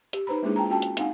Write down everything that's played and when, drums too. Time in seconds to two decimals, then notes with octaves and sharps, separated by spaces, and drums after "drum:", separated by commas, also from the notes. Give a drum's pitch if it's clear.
0.13 G4, drum: hi-hat
0.27 D#4 B4 C5 A#5 B5
0.43 G#3 A#3 D4 E4 G#4
0.56 F4 G5 A5 A#5
0.70 C#4 F4 F#4 G5 A5
0.82 drum: hi-hat
0.97 C4 D#4 F5 F#5 G#5, drum: hi-hat